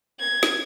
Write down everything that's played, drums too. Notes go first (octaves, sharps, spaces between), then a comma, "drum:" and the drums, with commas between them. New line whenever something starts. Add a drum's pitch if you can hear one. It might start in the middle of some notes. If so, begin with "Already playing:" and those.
G#6
drum: snare